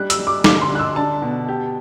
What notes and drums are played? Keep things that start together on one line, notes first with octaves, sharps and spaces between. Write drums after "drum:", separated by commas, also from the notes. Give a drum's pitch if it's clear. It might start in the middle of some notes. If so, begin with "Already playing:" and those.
Already playing: G3 D4 F#6
E6, drum: hi-hat
G3
D6
D3 D6, drum: snare
C6
D3 F#6
E6
D4 A5
B2
G4